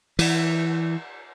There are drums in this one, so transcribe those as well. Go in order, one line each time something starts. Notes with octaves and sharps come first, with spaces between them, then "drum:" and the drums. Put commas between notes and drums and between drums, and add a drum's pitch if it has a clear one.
E3, drum: cymbal